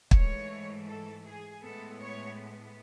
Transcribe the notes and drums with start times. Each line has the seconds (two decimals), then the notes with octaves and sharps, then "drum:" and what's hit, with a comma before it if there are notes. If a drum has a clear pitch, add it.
0.11 G#2 E3 A3 C#5, drum: kick
0.87 A4
1.24 G#4
1.63 A2 G#3 B3 A4
2.00 C#5